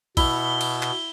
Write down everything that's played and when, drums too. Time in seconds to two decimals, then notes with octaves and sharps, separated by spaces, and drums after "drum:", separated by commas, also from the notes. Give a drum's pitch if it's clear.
0.17 B2 E4 G7, drum: kick A#1, cymbal
0.61 drum: cymbal
0.83 drum: clap